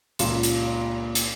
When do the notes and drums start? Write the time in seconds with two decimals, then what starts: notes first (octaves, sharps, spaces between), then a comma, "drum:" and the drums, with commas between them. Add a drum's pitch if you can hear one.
0.19 C#2 A#2 F4 E7, drum: hi-hat
0.43 drum: hi-hat
1.15 drum: hi-hat